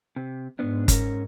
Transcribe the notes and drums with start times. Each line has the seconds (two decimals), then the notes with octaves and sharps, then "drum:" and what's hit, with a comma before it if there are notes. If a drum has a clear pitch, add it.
0.16 C3
0.59 G#2 B3 D4
0.88 C#4 A#4, drum: kick G1, hi-hat